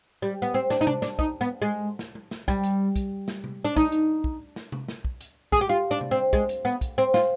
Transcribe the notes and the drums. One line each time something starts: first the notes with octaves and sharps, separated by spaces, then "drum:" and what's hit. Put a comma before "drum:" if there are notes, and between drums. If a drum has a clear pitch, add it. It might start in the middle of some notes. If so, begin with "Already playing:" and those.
G3
B3
C4
D4, drum: snare
D#4
D4, drum: tom C3
D4, drum: snare
D#4, drum: kick
B3
G#3
drum: snare
drum: tom G#3
drum: snare
G3, drum: kick
drum: hi-hat
drum: kick, hi-hat
drum: snare
drum: tom C3
D4
D#4, drum: kick
drum: hi-hat
drum: kick
drum: snare
drum: tom C3
drum: snare
drum: kick
drum: hi-hat
G#4, drum: kick, hi-hat
G4
F4
D4
drum: tom C3
C4
G#3, drum: kick
drum: hi-hat
B3
drum: kick, hi-hat
C4
F4, drum: snare